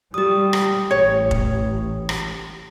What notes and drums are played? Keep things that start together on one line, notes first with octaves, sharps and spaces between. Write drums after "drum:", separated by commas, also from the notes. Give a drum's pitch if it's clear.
G3 G4 D#6
drum: rim click
A1 C#5
drum: kick F1
drum: rim click